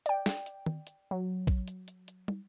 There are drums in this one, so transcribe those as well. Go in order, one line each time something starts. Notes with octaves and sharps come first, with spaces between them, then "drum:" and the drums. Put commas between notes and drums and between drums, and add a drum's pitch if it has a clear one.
D5 G5, drum: hi-hat
drum: snare
drum: hi-hat
drum: tom D#3
drum: hi-hat
F#3
drum: kick A#1, hi-hat
drum: hi-hat
drum: hi-hat
drum: hi-hat
drum: tom